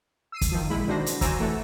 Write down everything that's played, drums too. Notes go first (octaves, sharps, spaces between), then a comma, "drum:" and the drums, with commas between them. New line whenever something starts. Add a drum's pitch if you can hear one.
E6 C7 D#7
drum: kick, hi-hat
D#3 F3
A#1 G#3 E4 B5
B1 D#3 D4 F#4 C5 A#6
drum: hi-hat
F#4 C5 D5 G#5 A#5 E6, drum: kick, hi-hat
E3 A3 F#4 A4